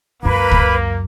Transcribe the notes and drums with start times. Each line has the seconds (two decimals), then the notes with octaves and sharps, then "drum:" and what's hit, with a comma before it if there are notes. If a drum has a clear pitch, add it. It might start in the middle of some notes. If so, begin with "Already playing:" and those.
0.23 C#2 F#2 A#3 B4
0.51 drum: kick C#2